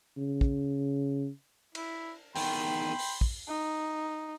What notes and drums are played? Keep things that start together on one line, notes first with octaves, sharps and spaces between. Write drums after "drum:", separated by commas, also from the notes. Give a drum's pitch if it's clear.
C#3
drum: kick
E4, drum: cymbal
E2 D#3 G5 B5 C6, drum: open hi-hat
drum: open hi-hat
drum: kick
D#4